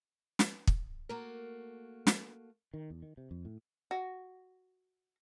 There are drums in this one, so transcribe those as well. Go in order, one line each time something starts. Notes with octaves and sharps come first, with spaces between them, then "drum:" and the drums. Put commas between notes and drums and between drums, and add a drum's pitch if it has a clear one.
drum: snare
drum: kick
A3 A#3 F#4 A#4
drum: snare
D#3
E2
D#3
C3
F2
A2
F#4